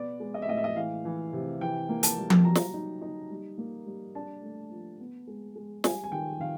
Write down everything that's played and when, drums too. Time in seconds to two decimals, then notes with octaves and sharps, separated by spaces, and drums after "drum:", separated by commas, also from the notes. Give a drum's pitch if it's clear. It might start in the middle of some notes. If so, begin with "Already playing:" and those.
Already playing: B2 B3 D5
0.20 G#3
0.34 D#5
0.42 E5
0.48 A2 D#5
0.57 E5
0.64 D#5
0.76 E3 F5
1.05 E3
1.33 C3
1.61 E3 G5
1.89 A#3
2.03 A5, drum: hi-hat
2.18 G3
2.30 drum: tom F3
2.45 F#3 A#5
2.55 drum: snare
2.74 D#4
3.02 D#4
3.30 G3
3.58 A#3
3.86 G3
4.15 D4 A5
4.42 A3
4.71 F3
4.99 B3
5.27 G#3
5.56 G#3
5.84 G3 G#5, drum: snare
6.04 G#5
6.12 D#3 G5
6.39 D#3 F5